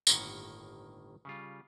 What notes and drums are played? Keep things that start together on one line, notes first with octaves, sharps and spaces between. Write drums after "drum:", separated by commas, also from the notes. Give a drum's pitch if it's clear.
G1 A2 D#3 A#3 F#5 G5, drum: tambourine
C#3 G3 F4